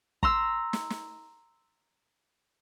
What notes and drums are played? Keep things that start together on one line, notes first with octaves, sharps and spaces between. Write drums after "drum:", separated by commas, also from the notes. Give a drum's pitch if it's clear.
A#5 C6 E6, drum: kick
drum: snare
drum: snare